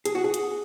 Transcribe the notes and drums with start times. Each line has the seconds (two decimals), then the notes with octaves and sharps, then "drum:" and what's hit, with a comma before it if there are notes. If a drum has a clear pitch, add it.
0.05 G#4, drum: hi-hat
0.15 F#4
0.24 G#4
0.34 drum: hi-hat